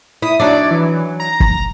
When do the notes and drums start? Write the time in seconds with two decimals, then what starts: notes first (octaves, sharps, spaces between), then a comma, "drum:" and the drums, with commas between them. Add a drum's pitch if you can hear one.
0.22 E4 D#6
0.40 F#3 D4 D#4 D5
0.71 E3
1.20 A#5
1.40 drum: kick